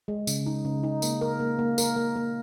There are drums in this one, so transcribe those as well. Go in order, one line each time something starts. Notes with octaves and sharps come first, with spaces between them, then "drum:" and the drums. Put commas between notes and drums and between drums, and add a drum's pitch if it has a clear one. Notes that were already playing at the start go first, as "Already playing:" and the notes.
G#3
C#3, drum: tambourine
D#4
C#3
D#4
A#3, drum: tambourine
A#4
A#3
A#3
A#4, drum: tambourine
A#3
A#3